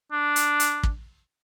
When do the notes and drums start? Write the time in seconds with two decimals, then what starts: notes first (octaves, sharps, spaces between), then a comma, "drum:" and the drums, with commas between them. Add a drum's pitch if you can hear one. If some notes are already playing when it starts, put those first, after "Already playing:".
0.12 D4
0.36 drum: hi-hat
0.60 drum: hi-hat
0.83 drum: kick